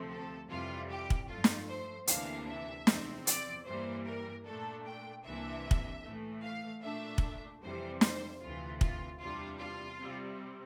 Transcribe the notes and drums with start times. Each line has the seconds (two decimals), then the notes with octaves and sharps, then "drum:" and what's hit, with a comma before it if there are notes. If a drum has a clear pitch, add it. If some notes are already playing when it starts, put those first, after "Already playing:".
Already playing: D2 C3 F3 A3 C4
0.10 A4
0.49 F2 C3 E3 G3 F4
0.90 G4
1.10 drum: kick
1.28 G2 F3 A3 F4
1.44 drum: snare
1.68 C5
2.07 D2 C3 E3 A#3 D4 F5, drum: hi-hat
2.47 E5
2.87 E2 C3 F3 C4, drum: snare
3.27 D5, drum: hi-hat
3.66 G2 E3 G3 A#3 C5
4.06 A#4
4.45 A#2 A3 D4 A4
4.85 G5
5.24 C2 C3 E3 A#3 D4 E5
5.71 drum: kick
6.04 A2 E3 A3
6.43 F5
6.83 A#2 A3 D4 E5
7.18 drum: kick
7.62 F2 C3 E3 G3 C5
8.01 C5, drum: snare
8.41 D2 C3 E3 F4
8.81 F4, drum: kick
9.20 E2 C3 G3 D4 F4
9.60 F4
10.00 C3 G3 C4